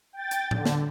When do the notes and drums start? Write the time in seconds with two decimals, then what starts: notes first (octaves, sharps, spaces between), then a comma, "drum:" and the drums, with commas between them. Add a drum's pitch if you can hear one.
0.13 G5 A6
0.31 drum: hi-hat
0.51 D3, drum: tom A2
0.66 drum: snare